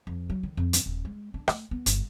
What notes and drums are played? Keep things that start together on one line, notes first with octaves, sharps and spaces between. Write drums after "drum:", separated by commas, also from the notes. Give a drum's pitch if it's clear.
F2
F#3
D#3
F2
drum: hi-hat
D#1
G#3
D4
A3, drum: rim click
B3
G1, drum: hi-hat